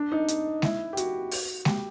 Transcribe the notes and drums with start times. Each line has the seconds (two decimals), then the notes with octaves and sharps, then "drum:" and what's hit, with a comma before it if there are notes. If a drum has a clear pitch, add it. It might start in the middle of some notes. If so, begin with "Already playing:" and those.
Already playing: D4
0.12 D#4
0.28 drum: hi-hat
0.62 E4, drum: snare G#3
0.93 G4
0.97 F#4, drum: hi-hat
1.31 drum: open hi-hat
1.65 G4, drum: snare G#3